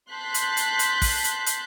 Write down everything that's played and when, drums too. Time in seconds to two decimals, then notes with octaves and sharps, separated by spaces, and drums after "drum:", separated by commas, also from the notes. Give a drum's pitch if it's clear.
0.12 A5 C6 F#6 G6 B6
0.34 drum: hi-hat
0.57 drum: hi-hat
0.79 drum: hi-hat
1.02 drum: kick, open hi-hat
1.24 drum: hi-hat
1.46 drum: hi-hat